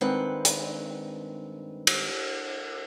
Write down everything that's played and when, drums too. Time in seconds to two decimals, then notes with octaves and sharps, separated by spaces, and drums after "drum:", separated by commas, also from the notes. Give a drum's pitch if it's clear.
0.01 G2 D#3 G#3 C4 B4 F#5
0.45 drum: hi-hat
1.87 drum: cymbal